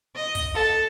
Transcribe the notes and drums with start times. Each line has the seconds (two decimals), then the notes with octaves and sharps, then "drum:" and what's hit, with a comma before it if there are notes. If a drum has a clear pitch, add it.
0.16 D#5
0.35 drum: kick, hi-hat
0.55 A4